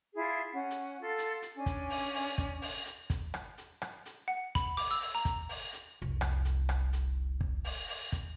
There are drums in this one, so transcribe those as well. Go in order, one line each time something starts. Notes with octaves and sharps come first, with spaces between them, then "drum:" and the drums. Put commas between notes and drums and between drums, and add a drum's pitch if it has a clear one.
E4 F4 G#4
C#4 F#5
drum: hi-hat
F4 A4
drum: hi-hat
drum: hi-hat
C#4 D4 G#5
drum: kick, hi-hat
drum: open hi-hat
drum: open hi-hat
drum: kick, hi-hat
drum: open hi-hat
drum: hi-hat
drum: kick, hi-hat
drum: rim click
drum: hi-hat
drum: rim click
drum: hi-hat
F#5
B5, drum: kick, hi-hat
D6, drum: open hi-hat
E6
drum: open hi-hat
A#5
drum: kick, hi-hat
drum: open hi-hat
drum: hi-hat
F1 C2
drum: rim click
drum: hi-hat
drum: rim click
drum: hi-hat
drum: kick
drum: open hi-hat
drum: open hi-hat
drum: kick, hi-hat